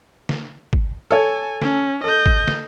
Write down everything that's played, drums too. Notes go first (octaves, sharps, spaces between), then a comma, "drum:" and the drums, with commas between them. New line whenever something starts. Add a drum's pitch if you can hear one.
drum: snare
drum: kick G#1
A4 C#5 G#5
C#4, drum: snare
A4 D#5 G6
drum: kick G#1
drum: snare